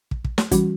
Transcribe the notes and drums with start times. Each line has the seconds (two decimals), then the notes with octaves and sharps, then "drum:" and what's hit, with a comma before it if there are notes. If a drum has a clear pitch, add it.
0.11 drum: kick
0.24 drum: kick
0.38 drum: snare
0.51 E3 G3 C#4 F#4, drum: kick, hi-hat